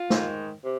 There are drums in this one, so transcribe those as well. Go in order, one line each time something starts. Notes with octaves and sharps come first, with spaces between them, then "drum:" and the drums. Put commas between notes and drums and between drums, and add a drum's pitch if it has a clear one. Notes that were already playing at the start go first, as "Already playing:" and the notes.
Already playing: F4
G#2 D#3, drum: snare
C3